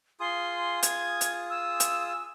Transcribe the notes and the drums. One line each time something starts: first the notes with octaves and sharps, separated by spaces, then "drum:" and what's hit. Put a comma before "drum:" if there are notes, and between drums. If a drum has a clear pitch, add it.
F4 G#4 C6 D#6
G#6, drum: hi-hat
drum: hi-hat
E6
drum: hi-hat